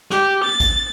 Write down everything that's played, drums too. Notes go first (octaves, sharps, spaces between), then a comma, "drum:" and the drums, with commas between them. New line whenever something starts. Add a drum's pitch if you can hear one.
G4, drum: snare
A6
drum: kick A1, hi-hat